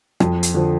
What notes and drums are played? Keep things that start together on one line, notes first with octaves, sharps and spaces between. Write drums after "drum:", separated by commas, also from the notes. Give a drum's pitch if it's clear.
F2, drum: rim click
drum: hi-hat
D3 F3